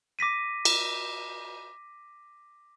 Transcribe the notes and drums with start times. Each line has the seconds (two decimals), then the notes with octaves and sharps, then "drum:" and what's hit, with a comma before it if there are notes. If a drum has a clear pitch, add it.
0.19 D6 A#6 B6 D#7
0.65 drum: cymbal